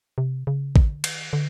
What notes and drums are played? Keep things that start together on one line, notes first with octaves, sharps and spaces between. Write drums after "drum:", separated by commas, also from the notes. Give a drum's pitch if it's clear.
C3
C#3
D3, drum: kick A1
D#3, drum: cymbal
D3